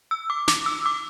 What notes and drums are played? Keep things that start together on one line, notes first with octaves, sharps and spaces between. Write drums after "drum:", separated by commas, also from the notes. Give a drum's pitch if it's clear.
E6
D6
D6, drum: snare
E6
D6